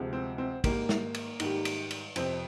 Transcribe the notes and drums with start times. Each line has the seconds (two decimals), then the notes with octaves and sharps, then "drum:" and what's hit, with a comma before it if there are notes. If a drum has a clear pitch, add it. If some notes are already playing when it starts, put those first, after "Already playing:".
Already playing: D2 C3 F3 G#3
0.13 C4
0.38 C4
0.64 G#2 D#3 G3 A#3, drum: kick, cymbal
0.89 drum: snare
1.14 drum: cymbal
1.40 G#2 D#3 G3, drum: cymbal
1.65 drum: cymbal
1.91 drum: cymbal
2.16 F2 C3 F3 C4, drum: cymbal